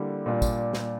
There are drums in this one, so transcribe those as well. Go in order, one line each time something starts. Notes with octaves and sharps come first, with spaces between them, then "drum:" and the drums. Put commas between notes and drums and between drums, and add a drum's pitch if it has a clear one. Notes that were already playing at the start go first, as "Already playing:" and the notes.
Already playing: D3 G3 A#3 E4 G4
A#2 G3 D4 F4
drum: kick, tambourine
drum: snare